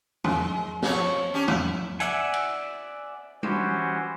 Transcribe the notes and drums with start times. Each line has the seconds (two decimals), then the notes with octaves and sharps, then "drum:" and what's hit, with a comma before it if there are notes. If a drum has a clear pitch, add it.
0.24 G#3, drum: tom
0.82 F2 F3 C#5, drum: snare
1.34 C#4 D4 G4
1.48 E4, drum: tom
2.00 D5 E5 F#5 G#5, drum: hi-hat
2.34 drum: cymbal
3.43 E3 C#4 F#4 G4 C5, drum: tom G3